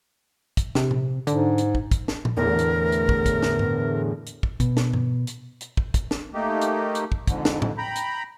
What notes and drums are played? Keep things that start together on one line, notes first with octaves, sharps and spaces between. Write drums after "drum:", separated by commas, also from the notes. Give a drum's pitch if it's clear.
drum: kick, hi-hat
C3, drum: snare
drum: tom
G#2 D3, drum: hi-hat
drum: hi-hat
drum: kick
drum: kick, hi-hat
drum: snare
drum: tom
E2 A2 D3 A#4
drum: hi-hat
drum: hi-hat
drum: kick
drum: kick, hi-hat
drum: snare
drum: tom G2
drum: hi-hat
drum: kick
B2, drum: kick, hi-hat
drum: snare
drum: tom G2
drum: hi-hat
drum: hi-hat
drum: kick
drum: kick, hi-hat
drum: snare
A3 A#3 D#4 G4
drum: hi-hat
drum: hi-hat
drum: kick
F2 G#2 D3, drum: kick, hi-hat
drum: snare
drum: tom
G5 A#5 B5
drum: hi-hat